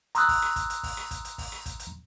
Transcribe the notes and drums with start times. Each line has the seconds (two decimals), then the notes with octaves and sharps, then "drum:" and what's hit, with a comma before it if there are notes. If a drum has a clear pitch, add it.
0.15 A#5 C6 D#6 E6 F#6, drum: hi-hat
0.29 drum: kick, open hi-hat
0.42 drum: rim click
0.56 drum: kick, hi-hat
0.70 drum: hi-hat
0.83 drum: kick, open hi-hat
0.97 drum: rim click
1.11 drum: kick, hi-hat
1.25 drum: hi-hat
1.38 drum: kick, open hi-hat
1.52 drum: rim click
1.66 drum: kick, hi-hat
1.79 drum: hi-hat